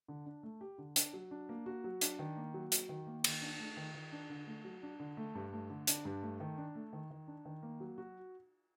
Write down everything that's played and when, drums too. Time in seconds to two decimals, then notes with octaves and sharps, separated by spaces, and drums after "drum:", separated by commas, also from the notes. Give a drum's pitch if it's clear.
0.08 D3
0.26 D4
0.43 A3
0.61 G4
0.78 D3
0.96 D4, drum: hi-hat
1.13 F#3
1.31 D4
1.49 A#3
1.66 F#4
1.84 F#3
2.01 D4, drum: hi-hat
2.19 D#3
2.36 A#3
2.54 F#3
2.72 F#4, drum: hi-hat
2.89 D#3
3.07 A#3
3.24 D#3, drum: cymbal
3.42 D4
3.60 A3
3.77 D#3
3.95 D#3
4.12 D4
4.30 D3
4.47 A3
4.65 F#3
4.83 D4
5.00 D3
5.17 A3
5.35 G2
5.53 A3
5.70 D3
5.87 D4, drum: hi-hat
6.05 G2
6.22 A3
6.40 D#3
6.58 D4
6.75 A3
6.93 D#3
7.11 D#3
7.28 D4
7.45 D#3
7.63 A#3
7.80 F#3
7.98 F#4